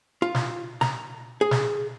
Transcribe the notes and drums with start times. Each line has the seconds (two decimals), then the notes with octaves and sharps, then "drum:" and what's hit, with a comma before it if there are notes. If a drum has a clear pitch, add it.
0.22 F4
0.35 drum: snare
0.81 A#5, drum: snare
1.41 G#4
1.51 drum: snare